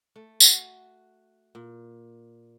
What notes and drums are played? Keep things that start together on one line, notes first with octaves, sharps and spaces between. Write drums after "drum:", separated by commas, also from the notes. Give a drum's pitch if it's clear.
A3
F#4, drum: tambourine
A#2